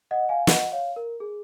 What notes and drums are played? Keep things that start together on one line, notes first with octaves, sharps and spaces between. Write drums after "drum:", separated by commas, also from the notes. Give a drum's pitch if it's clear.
D#5 F#5
F5 G#5
D#5 F#5, drum: snare
C#5 F5
A#4
G#4